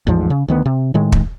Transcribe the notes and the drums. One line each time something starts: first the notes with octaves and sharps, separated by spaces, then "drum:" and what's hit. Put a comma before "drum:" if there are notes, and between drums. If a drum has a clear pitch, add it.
A1 E2 G#2 F3
C#3
D2 D#3 B3
C3
A2 D#3 G#3
drum: kick